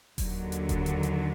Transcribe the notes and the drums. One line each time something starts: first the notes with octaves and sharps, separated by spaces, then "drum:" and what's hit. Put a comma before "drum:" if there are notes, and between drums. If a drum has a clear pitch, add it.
D#2 D3 F#3, drum: kick E1, open hi-hat
drum: hi-hat
drum: kick E1, hi-hat
drum: hi-hat
drum: hi-hat